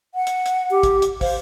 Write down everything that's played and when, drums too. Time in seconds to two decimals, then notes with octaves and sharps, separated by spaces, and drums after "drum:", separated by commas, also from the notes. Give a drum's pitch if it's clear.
0.15 F#5
0.27 drum: hi-hat
0.46 drum: hi-hat
0.71 G4
0.83 drum: kick, hi-hat
1.02 drum: hi-hat
1.21 C5 F5, drum: kick, open hi-hat